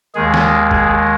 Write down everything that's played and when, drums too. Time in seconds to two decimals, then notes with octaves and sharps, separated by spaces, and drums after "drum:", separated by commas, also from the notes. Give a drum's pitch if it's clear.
0.15 D#2 D#3 G#3 G#4
0.34 drum: snare
0.71 G#4, drum: kick